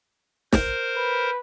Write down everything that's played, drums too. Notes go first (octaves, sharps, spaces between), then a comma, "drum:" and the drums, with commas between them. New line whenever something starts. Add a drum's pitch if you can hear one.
A#4 C5, drum: snare
B4